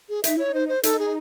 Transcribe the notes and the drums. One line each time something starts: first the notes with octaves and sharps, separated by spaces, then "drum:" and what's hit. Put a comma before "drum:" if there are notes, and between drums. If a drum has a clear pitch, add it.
G#4
D#4 E5, drum: hi-hat
E4 C#5
D#4 C5
C5
D#4 A4, drum: hi-hat
G#4